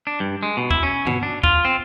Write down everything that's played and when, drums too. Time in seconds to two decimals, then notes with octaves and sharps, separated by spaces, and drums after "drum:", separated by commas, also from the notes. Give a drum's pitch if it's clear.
0.07 D4
0.20 G2
0.43 G#3
0.57 B2
0.71 E4, drum: kick
0.83 C#4
1.07 B2, drum: tom G2
1.23 D4
1.44 F4, drum: kick
1.65 C4